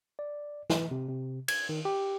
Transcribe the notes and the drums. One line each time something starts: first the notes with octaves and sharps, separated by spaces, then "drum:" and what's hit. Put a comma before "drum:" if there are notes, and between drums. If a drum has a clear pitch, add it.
D5
E3, drum: snare
C3
C3
G#6, drum: cymbal
D#3
G4